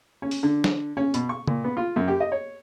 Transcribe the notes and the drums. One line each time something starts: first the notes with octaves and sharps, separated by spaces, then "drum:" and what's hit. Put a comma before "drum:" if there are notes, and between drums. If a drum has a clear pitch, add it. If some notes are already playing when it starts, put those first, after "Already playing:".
C#4
drum: open hi-hat
D3
drum: snare
C#4
B2, drum: hi-hat
C#6
A#2, drum: tom
B3
F4
F#2
G4
D#5
C#5